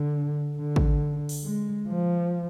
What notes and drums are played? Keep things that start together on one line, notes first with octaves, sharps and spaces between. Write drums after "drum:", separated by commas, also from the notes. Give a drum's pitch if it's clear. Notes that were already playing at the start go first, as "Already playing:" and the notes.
Already playing: D3
D3
drum: kick
drum: open hi-hat
G#3
F3